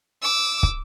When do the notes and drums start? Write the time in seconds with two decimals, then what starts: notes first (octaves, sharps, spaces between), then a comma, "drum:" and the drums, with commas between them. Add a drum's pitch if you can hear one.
0.22 D6 E6
0.63 drum: kick